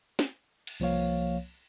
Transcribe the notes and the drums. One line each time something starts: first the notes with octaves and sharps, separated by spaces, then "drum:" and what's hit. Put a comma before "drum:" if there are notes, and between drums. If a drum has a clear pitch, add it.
drum: snare
drum: cymbal
C2 F3 A#3 C#5 F5